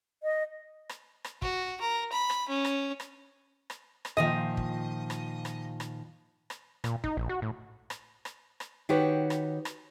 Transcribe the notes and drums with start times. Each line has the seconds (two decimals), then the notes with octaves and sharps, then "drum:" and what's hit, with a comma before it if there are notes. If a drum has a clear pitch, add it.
0.23 D#5
0.89 drum: rim click
1.24 drum: rim click
1.42 F#4, drum: kick
1.81 A#4
2.12 B5
2.30 drum: rim click
2.48 C#4
2.65 drum: rim click
3.00 drum: rim click
3.70 drum: rim click
4.05 drum: rim click
4.17 A#2 D#3 F3 D#5
4.57 drum: kick
5.10 drum: rim click
5.45 drum: rim click
5.80 drum: rim click
6.50 drum: rim click
6.84 A#2, drum: rim click
7.04 D#4, drum: kick
7.17 A#1
7.29 F#4
7.42 A2
7.90 drum: rim click
8.25 drum: rim click
8.60 drum: rim click
8.89 D#3 F#4 G4 B4 C#5
9.30 drum: rim click
9.65 drum: rim click